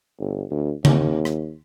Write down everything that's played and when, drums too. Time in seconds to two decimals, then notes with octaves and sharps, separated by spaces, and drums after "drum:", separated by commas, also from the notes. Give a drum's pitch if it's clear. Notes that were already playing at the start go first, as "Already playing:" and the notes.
0.20 G1
0.51 D2
0.85 D#2, drum: tom C#3
1.25 drum: rim click